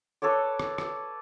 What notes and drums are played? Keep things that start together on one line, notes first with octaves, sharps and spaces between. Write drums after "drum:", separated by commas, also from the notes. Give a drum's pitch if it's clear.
A4 B4 C#5 D5
drum: rim click
drum: rim click